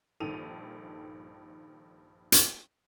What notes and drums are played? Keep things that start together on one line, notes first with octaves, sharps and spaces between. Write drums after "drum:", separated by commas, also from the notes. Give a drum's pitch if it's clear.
A#1 G2 D#3 A4 D#7 F7
drum: hi-hat